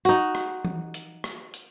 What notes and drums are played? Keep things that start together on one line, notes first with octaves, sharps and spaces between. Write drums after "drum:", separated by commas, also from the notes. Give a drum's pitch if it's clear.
D#4 F#4, drum: hi-hat
drum: rim click
drum: tom E3
drum: hi-hat
drum: rim click
drum: hi-hat